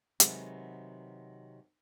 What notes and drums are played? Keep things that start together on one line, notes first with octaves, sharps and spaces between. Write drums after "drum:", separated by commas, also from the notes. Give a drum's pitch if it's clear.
C3 D#3 F#3 G#3 B3, drum: hi-hat